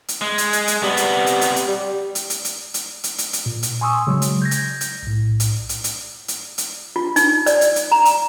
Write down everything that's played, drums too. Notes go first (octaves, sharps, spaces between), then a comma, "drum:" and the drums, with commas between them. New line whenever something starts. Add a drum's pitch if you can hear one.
drum: hi-hat
G#3
drum: hi-hat
drum: hi-hat
drum: hi-hat
C3 G3 B3
drum: hi-hat
drum: hi-hat
drum: hi-hat
drum: hi-hat
G3
drum: hi-hat
drum: hi-hat
drum: hi-hat
drum: hi-hat
drum: hi-hat
drum: hi-hat
drum: hi-hat
A#2
drum: hi-hat
G#5 C6 C#6 D#6 E6
C#3 F#3 G#3
drum: hi-hat
G6 G#6 A#6
drum: hi-hat
drum: hi-hat
B1 A2
drum: hi-hat
drum: hi-hat
drum: hi-hat
drum: hi-hat
drum: hi-hat
F4
D#4, drum: hi-hat
D5, drum: hi-hat
drum: hi-hat
drum: hi-hat
A#5
drum: hi-hat